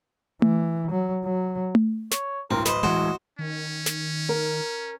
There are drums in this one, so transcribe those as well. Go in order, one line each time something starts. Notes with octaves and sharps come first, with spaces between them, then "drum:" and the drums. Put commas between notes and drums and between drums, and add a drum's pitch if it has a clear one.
E3, drum: tom A3
F#3
F#3
drum: tom A3
C#5, drum: snare
D1 A1 C4 A#4
B4 C5 D#5, drum: snare
E3 G#3 F#4 C5
D#3 C#4
drum: snare
A#4 A#5